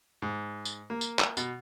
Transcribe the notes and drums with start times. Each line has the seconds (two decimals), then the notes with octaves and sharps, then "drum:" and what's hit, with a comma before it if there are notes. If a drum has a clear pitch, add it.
0.22 G#2
0.65 drum: tambourine
0.90 A#3
1.01 drum: tambourine
1.19 drum: clap
1.37 B2, drum: tambourine